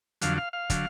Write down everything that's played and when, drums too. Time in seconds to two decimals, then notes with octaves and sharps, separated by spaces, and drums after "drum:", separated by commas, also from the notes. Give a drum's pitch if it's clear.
0.21 F2 D3 F#3 F5, drum: hi-hat
0.38 F5
0.53 F5
0.70 D3 F#3, drum: kick, hi-hat